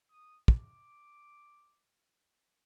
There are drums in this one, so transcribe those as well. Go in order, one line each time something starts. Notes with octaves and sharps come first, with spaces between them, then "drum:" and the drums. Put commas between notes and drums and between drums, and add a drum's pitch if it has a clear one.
D#6
D6, drum: kick